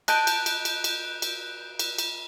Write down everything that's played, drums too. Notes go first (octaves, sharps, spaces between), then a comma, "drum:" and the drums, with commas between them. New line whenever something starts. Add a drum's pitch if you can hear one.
D#5 A5 F#6 G6 D7, drum: cymbal
drum: cymbal
drum: cymbal
drum: cymbal
drum: cymbal
drum: cymbal
drum: cymbal
drum: cymbal